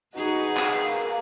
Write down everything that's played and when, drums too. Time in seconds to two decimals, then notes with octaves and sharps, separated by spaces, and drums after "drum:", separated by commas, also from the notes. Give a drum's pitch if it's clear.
0.15 D#4 F#4 G#4 B4
0.57 drum: clap
0.81 A#3